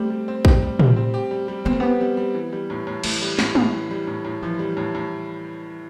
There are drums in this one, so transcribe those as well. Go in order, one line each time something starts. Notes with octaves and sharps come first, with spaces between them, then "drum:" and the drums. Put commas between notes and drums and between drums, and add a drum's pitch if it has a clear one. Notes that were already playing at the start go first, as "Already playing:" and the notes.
Already playing: G3 A3 C4 G4
G3
C4
G4, drum: kick A#1
G3
G3, drum: tom
C4
G4
G3
G3
B3 C4
A3
B3 G4
G3
G3
E3
G3
A2
A2
E3 A3, drum: cymbal
G3
A2, drum: snare
A2, drum: tom
E3
G3
A2
A2
E3 F3
G3
A2
A2